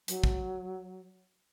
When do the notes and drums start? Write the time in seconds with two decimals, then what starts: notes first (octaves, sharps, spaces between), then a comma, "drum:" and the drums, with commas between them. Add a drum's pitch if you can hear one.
0.08 F#3, drum: hi-hat
0.24 drum: kick